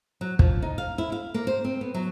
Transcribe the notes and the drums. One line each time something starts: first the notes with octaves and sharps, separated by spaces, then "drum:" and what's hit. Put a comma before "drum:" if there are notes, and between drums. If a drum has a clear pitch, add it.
F#3
F3, drum: kick
D#4
F5
E4
F5
A#3
C5
C4
B3
F#3